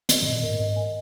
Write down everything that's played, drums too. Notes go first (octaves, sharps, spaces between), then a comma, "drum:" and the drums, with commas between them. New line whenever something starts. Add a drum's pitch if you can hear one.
D#3 D#5, drum: hi-hat
G#2
A#2 D#5
G#2 A#4
G#2 D#5
G#5